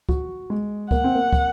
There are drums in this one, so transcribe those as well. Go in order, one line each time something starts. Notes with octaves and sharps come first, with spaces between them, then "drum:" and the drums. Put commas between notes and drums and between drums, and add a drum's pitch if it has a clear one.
F#4, drum: kick
G#3
A#3 F#5, drum: kick
C4
A#3
drum: kick